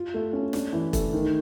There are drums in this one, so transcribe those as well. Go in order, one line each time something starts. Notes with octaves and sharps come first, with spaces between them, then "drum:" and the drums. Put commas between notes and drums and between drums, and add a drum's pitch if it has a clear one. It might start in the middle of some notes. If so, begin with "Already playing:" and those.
Already playing: F4
A3
C#4
D4, drum: snare
E3
A3, drum: kick E1, hi-hat
D#3